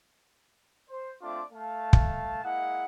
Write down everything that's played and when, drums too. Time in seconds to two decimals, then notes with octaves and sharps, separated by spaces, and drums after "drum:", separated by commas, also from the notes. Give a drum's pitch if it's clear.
0.89 C5
1.21 A3 C4 D4 F4 D5 D6
1.52 A3 F5 A5
1.93 drum: kick
2.43 G#3 A#3 E4 G#4 F#5